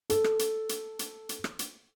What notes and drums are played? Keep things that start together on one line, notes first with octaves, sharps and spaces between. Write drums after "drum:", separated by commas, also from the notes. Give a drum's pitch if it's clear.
A4, drum: hi-hat
drum: rim click
drum: hi-hat
drum: hi-hat
drum: hi-hat
drum: hi-hat
drum: rim click
drum: hi-hat